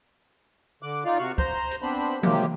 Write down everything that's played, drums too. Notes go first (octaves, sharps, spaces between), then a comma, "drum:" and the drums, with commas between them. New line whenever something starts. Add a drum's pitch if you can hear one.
D3 D6 F#6
D#4 F4 D5 F5
C3 F#4 F5 C#6 F6 F#6
C5 A#5 G6, drum: kick
drum: hi-hat
B3 C4 D4 C5 B5
C3 D#3 F#3 G#3 A#3 G4, drum: tom E3